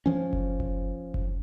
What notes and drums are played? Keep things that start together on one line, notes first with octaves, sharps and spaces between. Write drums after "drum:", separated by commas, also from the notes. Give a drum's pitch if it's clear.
F3 C#4
drum: kick F#1
drum: kick F#1
drum: kick F#1